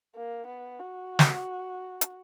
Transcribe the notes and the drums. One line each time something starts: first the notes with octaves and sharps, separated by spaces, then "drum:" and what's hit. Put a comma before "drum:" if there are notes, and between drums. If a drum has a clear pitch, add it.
A#3
B3
F#4
drum: snare
drum: hi-hat